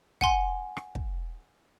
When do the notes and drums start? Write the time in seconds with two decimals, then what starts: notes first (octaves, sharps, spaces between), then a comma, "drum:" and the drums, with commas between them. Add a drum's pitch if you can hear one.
0.21 F#5 G#5 C6, drum: kick
0.77 drum: rim click
0.95 drum: kick